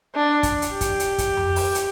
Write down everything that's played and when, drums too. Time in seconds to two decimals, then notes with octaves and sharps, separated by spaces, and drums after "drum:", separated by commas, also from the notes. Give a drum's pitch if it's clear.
0.15 D4
0.43 drum: kick, hi-hat
0.62 drum: hi-hat
0.71 G4
0.81 drum: kick, hi-hat
1.00 drum: hi-hat
1.18 drum: kick, hi-hat
1.37 drum: tom F2
1.56 drum: open hi-hat
1.75 drum: hi-hat